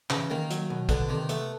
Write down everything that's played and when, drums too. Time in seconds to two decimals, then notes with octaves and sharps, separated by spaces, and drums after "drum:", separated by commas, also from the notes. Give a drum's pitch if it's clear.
0.10 C#3 E3, drum: clap
0.30 D#3 A#3
0.50 F#3, drum: hi-hat
0.70 B2
0.89 D3 B3, drum: kick, hi-hat
1.08 C3 D#3
1.29 A3 B3, drum: hi-hat